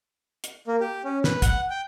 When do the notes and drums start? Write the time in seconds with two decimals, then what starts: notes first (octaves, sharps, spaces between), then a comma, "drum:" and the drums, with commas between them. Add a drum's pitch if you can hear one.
0.44 drum: hi-hat
0.67 A#3
0.80 G4
1.04 C#4
1.24 B4, drum: snare
1.42 F#5, drum: kick, hi-hat
1.70 G5